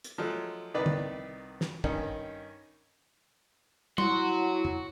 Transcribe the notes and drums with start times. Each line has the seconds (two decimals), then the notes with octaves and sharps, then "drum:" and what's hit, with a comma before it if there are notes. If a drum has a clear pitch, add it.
0.04 drum: hi-hat
0.18 F3 F#3 G#3 A3
0.74 C2 D#3 D#4 B4 D5
0.86 drum: tom
1.61 drum: snare
1.84 G2 D#3 C#4 D#4, drum: kick
3.98 F#3 E4 F#4 C6, drum: tom
4.65 drum: tom